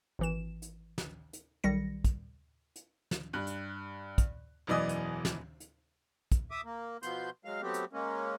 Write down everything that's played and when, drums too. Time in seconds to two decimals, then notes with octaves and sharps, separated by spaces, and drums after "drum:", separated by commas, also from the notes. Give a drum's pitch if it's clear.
0.19 G#1 E3 E7
0.62 drum: hi-hat
0.98 drum: snare
1.33 drum: hi-hat
1.64 B1 D#3 G3 A#6 C#7
2.05 drum: kick, hi-hat
2.76 drum: hi-hat
3.11 drum: snare
3.33 G2 F#6
3.47 drum: hi-hat
4.18 drum: kick, hi-hat
4.67 E1 F#2 E3 D5 D#5 D#6
4.89 drum: hi-hat
5.25 drum: snare
5.60 drum: hi-hat
6.32 drum: kick, hi-hat
6.51 E5 D6 D#6
6.65 A#3
7.03 B2 F3 B3 C6 G6, drum: hi-hat
7.45 F#3 G#3 F5
7.62 F#3 A3 B3 C4 G4
7.74 drum: hi-hat
7.93 G#3 A#3 C#4